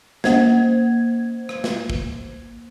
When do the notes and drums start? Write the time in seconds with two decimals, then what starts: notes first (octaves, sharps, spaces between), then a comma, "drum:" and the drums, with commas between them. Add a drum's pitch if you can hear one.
0.24 A#3 C5 G#6, drum: snare
1.49 drum: rim click
1.64 drum: snare
1.90 drum: kick